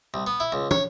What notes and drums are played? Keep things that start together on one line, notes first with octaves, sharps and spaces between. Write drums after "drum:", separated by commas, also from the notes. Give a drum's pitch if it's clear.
C2
B3
E4
C#2
C#5, drum: tom